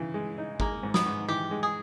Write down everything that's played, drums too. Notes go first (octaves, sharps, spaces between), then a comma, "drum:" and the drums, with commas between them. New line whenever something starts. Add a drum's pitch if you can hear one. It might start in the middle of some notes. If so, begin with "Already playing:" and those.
Already playing: C#3 E3
G#3
D#4
G#3 A#3, drum: kick
G#2
B3, drum: snare
G#2
E3 G4
G#3
G#4